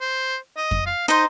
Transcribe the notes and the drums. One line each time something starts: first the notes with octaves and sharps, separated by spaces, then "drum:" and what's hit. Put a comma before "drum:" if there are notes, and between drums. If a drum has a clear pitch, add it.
C5
D#5
drum: kick F2
F5
D#4 C5 D#5